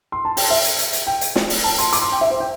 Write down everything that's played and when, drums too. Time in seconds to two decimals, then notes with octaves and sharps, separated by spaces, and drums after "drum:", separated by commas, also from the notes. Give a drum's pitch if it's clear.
0.12 C6
0.25 A5
0.37 G5, drum: open hi-hat
0.50 E5
0.64 drum: hi-hat
0.79 drum: hi-hat
0.93 drum: hi-hat
1.07 G5
1.21 drum: hi-hat
1.36 drum: snare
1.50 drum: open hi-hat
1.64 A5
1.78 C6, drum: hi-hat
1.93 D6, drum: hi-hat
2.02 C6
2.12 G5
2.21 E5
2.30 C5
2.40 G5